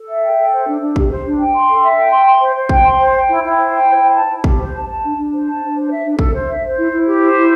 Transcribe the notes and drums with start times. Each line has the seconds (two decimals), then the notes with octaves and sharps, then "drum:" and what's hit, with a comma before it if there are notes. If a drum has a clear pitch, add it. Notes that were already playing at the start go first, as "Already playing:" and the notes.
Already playing: A4
0.08 E5
0.23 G5
0.38 A4
0.52 C5
0.66 D4
0.80 D4
0.96 G4, drum: kick
1.10 C5
1.24 D4
1.39 G5
1.54 C6
1.69 A4
1.82 E5
1.97 G5
2.11 C6
2.26 C6
2.40 C5
2.56 C5
2.69 G5, drum: kick
2.85 C6
2.99 C5
3.13 G5
3.28 E4
3.43 E4
3.57 C5
3.72 G5
3.86 E4
4.01 C5
4.15 A5
4.30 E4
4.44 G4, drum: kick
4.59 C5
4.74 A5
4.88 A5
5.03 D4
5.17 D4
5.32 C5
5.46 A5
5.60 D4
5.76 C5
5.90 E5
6.04 D4
6.19 A4, drum: kick
6.34 C5
6.48 E5
6.62 C5
6.76 E4
6.92 E4
7.06 G4
7.21 C5
7.35 E4